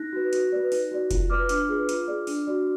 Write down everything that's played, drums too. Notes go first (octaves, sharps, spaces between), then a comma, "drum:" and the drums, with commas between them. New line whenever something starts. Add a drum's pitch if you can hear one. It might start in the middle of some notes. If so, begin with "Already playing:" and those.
Already playing: D#4 F#6 A#6
F#4 B4
F#4, drum: hi-hat
B4 D5
D#4, drum: open hi-hat
F#4 D5
F4, drum: kick F1, hi-hat
B4 D5 D6 F6
D4 D6 F6, drum: hi-hat
F4 G#4 B4
F4, drum: hi-hat
G#4 D5
D4, drum: open hi-hat
F#4 D5